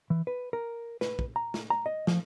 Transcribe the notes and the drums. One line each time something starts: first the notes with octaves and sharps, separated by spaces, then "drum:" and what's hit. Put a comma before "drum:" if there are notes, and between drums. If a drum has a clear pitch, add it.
E3
B4
A#4
B4, drum: snare
drum: kick
A#5
drum: snare
A#5
D#5
F3, drum: snare